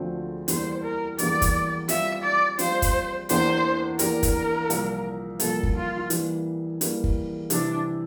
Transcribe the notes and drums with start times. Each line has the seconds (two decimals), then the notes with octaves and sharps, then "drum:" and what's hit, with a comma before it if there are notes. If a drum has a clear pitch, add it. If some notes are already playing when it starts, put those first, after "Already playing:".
Already playing: D2 D3 F3 A3 C4
0.48 E2 E3 G3 A#3 C5, drum: hi-hat
0.83 A#4
1.18 E2 E3 G3 A#3 D5, drum: hi-hat
1.42 drum: kick, hi-hat
1.89 G3 C4 F4 E5, drum: hi-hat
2.23 D5
2.59 G3 C4 F4 C5, drum: hi-hat
2.82 drum: kick, hi-hat
3.29 E2 E3 A#3 D4 G4 C5, drum: hi-hat
3.99 E2 E3 A#3 D4 G4 A#4, drum: hi-hat
4.23 drum: kick, hi-hat
4.70 C2 A#2 F3 A#3, drum: hi-hat
5.40 C2 A#2 F3 A#3 A4, drum: hi-hat
5.63 drum: kick
5.75 F4
6.10 E3 G3 A#3, drum: hi-hat
6.81 E3 G3 A#3, drum: hi-hat
7.04 drum: kick
7.50 C3 E3 G3 D4, drum: hi-hat